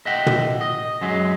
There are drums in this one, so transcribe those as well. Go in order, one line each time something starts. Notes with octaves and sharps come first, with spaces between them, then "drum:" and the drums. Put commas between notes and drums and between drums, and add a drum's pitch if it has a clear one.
D#5 E5 F#5 G5
drum: tom
D#5
F#2 F#3 G#3